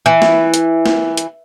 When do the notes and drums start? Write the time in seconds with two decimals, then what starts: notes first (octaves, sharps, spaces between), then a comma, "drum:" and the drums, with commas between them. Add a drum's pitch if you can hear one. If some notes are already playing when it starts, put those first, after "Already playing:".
0.06 E3
0.22 drum: snare
0.54 drum: hi-hat
0.86 drum: snare
1.17 drum: hi-hat